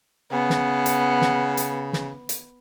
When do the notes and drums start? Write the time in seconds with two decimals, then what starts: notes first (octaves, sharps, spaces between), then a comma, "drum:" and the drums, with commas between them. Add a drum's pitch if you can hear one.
0.32 C#3 B3
0.50 drum: snare
0.86 drum: hi-hat
1.22 drum: snare
1.57 drum: hi-hat
1.93 drum: snare
2.29 drum: hi-hat